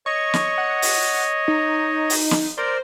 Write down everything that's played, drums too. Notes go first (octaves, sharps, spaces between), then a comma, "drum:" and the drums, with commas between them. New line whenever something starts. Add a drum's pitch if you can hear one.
C#5 D#5 C#6
drum: snare
F#5
drum: open hi-hat
D#4
drum: open hi-hat
drum: snare
A#4 C5 D5